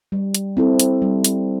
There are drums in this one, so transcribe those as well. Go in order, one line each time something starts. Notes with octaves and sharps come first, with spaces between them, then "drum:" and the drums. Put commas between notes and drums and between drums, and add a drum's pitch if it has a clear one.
G3
drum: hi-hat
C4 E4 A4
drum: hi-hat
G3
drum: hi-hat